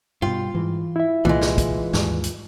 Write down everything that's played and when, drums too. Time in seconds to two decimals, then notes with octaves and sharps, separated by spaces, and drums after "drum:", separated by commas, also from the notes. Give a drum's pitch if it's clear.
0.22 G2 B2 F4 G5
0.54 G#2 E3
0.96 E4 E5
1.25 C2 A#2 E3 G#3 F4, drum: tom
1.41 drum: snare
1.58 drum: kick, hi-hat
1.93 D#2 G#2, drum: snare
2.24 drum: hi-hat